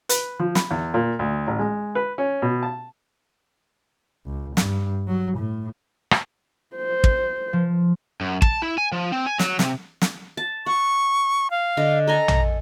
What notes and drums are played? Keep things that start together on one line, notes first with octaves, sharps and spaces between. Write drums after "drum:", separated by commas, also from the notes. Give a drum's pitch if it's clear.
B4, drum: hi-hat
F3
B5, drum: snare
E2
A#2
D2
A1
G#3
B4
C#4
B2
A5
C#2
G2, drum: snare
F#3
A2
drum: rim click
C5
drum: kick
F3
F#2
A5, drum: kick
E4
G#5
F3
C4
G#5
F#3, drum: snare
C3, drum: snare
drum: snare
A5
F#5 C#6
F5
D3 D#5
A4 D#5 G#5 A#5
drum: tom A#1